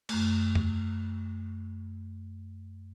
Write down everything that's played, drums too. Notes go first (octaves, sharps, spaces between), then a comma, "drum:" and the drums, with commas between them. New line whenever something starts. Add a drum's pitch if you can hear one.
F#2 A3, drum: cymbal
drum: tom E2